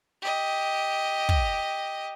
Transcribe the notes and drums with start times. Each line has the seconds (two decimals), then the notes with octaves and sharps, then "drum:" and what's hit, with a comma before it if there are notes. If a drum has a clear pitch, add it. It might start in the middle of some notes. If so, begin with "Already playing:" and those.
0.22 G4 D#5
1.29 drum: kick